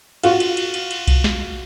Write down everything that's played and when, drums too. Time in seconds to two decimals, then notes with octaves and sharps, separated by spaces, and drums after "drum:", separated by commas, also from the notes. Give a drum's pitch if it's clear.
0.23 F4 F#4, drum: cymbal
0.40 drum: cymbal
0.57 drum: cymbal
0.74 drum: cymbal
0.91 drum: cymbal
1.07 drum: kick B1, cymbal
1.24 drum: snare